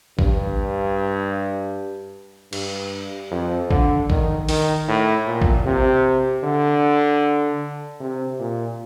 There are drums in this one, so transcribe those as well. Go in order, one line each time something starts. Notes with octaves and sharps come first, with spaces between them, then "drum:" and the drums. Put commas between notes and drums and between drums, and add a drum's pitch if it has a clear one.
G2, drum: kick
G2, drum: cymbal
F2
D3, drum: kick
D#3, drum: kick
D#3, drum: open hi-hat
A2
A#2
drum: kick
C3
D3
C3
A#2